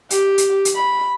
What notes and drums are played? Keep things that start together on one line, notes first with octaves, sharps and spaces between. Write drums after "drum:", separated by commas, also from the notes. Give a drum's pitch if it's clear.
G4, drum: hi-hat
drum: hi-hat
drum: hi-hat
B5